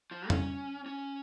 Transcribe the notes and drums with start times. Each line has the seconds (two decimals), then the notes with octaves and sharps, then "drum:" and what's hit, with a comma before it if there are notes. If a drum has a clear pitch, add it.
0.11 F3
0.30 C#4, drum: tom
0.86 C#4